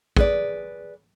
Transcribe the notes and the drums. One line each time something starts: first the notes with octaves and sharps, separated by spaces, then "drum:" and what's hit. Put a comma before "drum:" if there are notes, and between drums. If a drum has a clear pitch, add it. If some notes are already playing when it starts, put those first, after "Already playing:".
G#4 B4 D5, drum: kick